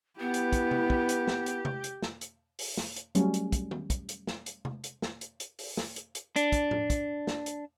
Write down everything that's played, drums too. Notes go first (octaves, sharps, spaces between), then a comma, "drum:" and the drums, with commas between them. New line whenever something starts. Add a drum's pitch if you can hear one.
B3 E4 G4 B4
drum: hi-hat
drum: kick, hi-hat
drum: tom C3
drum: kick
drum: hi-hat
drum: snare
drum: hi-hat
drum: tom C3
drum: hi-hat
drum: snare
drum: hi-hat
drum: open hi-hat
drum: snare
drum: hi-hat
F#3 G3 A3 C#4, drum: hi-hat
drum: hi-hat
drum: kick, hi-hat
drum: tom
drum: kick, hi-hat
drum: hi-hat
drum: snare
drum: hi-hat
drum: tom C3
drum: hi-hat
drum: snare
drum: hi-hat
drum: hi-hat
drum: open hi-hat
drum: snare
drum: hi-hat
drum: hi-hat
D4, drum: hi-hat
drum: kick, hi-hat
drum: tom A2
drum: kick, hi-hat
drum: snare
drum: hi-hat